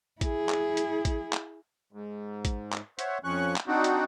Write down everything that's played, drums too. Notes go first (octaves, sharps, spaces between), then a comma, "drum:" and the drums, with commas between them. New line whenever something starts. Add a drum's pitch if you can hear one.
E4 G#4, drum: kick A1, hi-hat
drum: clap
drum: hi-hat
drum: kick A1, hi-hat
drum: clap
G#2
drum: kick A1, hi-hat
drum: clap
C5 C#5 E5 F#5, drum: hi-hat
F2 F3 C#4 C#6 F#6
drum: clap
C4 D4 D#4 F#4
drum: hi-hat